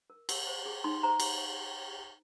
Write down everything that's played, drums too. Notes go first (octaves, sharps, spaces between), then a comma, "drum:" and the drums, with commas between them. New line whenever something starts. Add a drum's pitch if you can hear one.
A#4
A#4, drum: cymbal
C5
G#4
D#4 C6
C6
C5 A#5
drum: cymbal